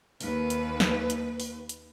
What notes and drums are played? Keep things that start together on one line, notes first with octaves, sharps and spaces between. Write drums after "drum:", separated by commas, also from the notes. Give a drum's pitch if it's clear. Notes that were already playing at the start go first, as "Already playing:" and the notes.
D#2 B4, drum: open hi-hat
drum: hi-hat
drum: snare
drum: hi-hat
drum: open hi-hat
drum: hi-hat